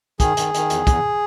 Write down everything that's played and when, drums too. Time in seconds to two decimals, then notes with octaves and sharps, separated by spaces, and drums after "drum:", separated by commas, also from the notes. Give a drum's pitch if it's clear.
0.20 D#3 G#4, drum: kick, hi-hat
0.37 D#3, drum: hi-hat
0.54 D#3, drum: hi-hat
0.70 E2, drum: hi-hat
0.87 E2, drum: kick, hi-hat